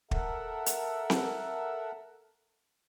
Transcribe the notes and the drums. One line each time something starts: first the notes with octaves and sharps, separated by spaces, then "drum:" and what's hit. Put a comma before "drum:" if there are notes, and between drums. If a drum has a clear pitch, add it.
A4 A#4 E5 F#5, drum: kick
drum: hi-hat
drum: snare C4